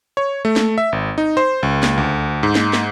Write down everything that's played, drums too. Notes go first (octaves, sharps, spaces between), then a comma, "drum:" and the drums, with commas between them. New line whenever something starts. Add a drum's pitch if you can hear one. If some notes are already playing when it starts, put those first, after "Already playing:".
C#5
A3
drum: snare
E5
G#1
D#4
C5
C#2
drum: snare
D2
G#2
drum: snare
drum: snare